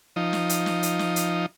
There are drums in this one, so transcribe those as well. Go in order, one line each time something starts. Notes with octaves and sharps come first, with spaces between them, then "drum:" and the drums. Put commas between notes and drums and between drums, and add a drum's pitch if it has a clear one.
F3 D#4
drum: snare
drum: hi-hat
drum: snare
drum: hi-hat
drum: snare
drum: hi-hat